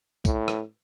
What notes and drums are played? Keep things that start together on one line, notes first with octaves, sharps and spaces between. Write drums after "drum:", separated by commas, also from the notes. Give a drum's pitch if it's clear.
A2, drum: kick, tambourine
drum: rim click